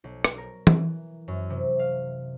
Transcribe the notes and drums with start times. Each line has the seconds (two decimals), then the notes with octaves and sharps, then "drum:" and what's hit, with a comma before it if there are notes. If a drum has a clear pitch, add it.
0.04 B1
0.24 drum: rim click
0.38 A#4
0.67 E3, drum: tom E3
1.28 F#2
1.50 C3
1.79 F5